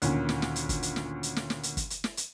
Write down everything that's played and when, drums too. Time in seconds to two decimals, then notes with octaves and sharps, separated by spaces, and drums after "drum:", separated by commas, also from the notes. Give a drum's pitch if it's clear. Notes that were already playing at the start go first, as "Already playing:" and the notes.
0.02 D2 A#2 D#3 C#4, drum: hi-hat
0.29 drum: snare
0.42 drum: snare
0.56 drum: hi-hat
0.69 drum: kick, hi-hat
0.83 drum: hi-hat
0.96 drum: snare
1.23 drum: hi-hat
1.36 drum: snare
1.50 drum: snare
1.63 drum: hi-hat
1.77 drum: kick, hi-hat
1.90 drum: hi-hat
2.04 drum: snare
2.17 drum: hi-hat